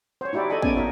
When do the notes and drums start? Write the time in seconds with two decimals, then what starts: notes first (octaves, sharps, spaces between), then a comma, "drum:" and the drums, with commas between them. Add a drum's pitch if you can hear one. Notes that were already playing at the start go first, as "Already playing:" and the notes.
0.21 C5 C#5
0.33 D#4 E4 F#4 G4 D5
0.50 A4 D5 D#5 G#5 B5
0.62 A#3 B3 C#4 D5 G#5, drum: kick
0.76 D#4 F#4 A#4 C#5 E5